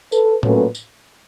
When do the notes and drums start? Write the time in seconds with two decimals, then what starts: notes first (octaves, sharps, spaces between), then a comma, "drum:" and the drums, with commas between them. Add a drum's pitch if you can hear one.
0.12 A4 B4, drum: tambourine
0.43 A#2 F#3 A3 C#4 A4 B4, drum: tom A2
0.75 drum: tambourine